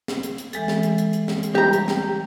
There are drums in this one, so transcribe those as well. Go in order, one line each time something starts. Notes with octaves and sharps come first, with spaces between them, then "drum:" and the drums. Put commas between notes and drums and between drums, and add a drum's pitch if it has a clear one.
drum: snare
drum: hi-hat
drum: hi-hat
E3 G#3 A4, drum: hi-hat
drum: snare
drum: hi-hat
drum: hi-hat
drum: hi-hat
drum: snare
drum: hi-hat
G3 G4 A#5
drum: hi-hat
drum: snare